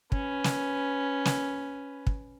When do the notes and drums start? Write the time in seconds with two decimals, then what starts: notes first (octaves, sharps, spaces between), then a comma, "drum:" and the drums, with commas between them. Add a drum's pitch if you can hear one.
0.12 C#4 B4, drum: kick
0.44 drum: snare
1.25 drum: snare
2.07 drum: kick